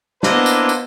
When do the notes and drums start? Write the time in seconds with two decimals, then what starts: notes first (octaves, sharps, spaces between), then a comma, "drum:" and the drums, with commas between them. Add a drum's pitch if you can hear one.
0.23 A#3 B3 D4 E4 C5 D#5, drum: snare
0.46 drum: tambourine
0.69 drum: tambourine